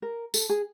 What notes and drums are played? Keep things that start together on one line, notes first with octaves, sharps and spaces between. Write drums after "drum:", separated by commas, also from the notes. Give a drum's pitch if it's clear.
A#4
A4, drum: tambourine
G#4